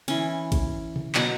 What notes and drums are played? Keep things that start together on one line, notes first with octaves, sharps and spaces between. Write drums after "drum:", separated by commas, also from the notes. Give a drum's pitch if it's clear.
E3 C#4, drum: cymbal
drum: kick, cymbal
drum: tom B2
B2 F#3 F#5, drum: clap